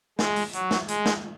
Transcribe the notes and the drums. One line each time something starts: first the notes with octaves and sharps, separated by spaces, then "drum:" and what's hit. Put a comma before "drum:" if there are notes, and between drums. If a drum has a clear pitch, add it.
G#3, drum: snare
drum: open hi-hat
F#3, drum: hi-hat
drum: snare
G#3, drum: hi-hat
drum: snare